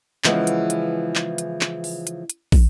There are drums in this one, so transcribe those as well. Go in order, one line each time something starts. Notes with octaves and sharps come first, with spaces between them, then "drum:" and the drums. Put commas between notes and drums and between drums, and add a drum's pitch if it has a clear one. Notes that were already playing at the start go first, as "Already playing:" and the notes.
C#3 E3 F3 G#3 B3, drum: clap
drum: hi-hat
drum: hi-hat
drum: clap
drum: hi-hat
drum: clap
drum: open hi-hat
drum: hi-hat
drum: hi-hat
drum: kick, open hi-hat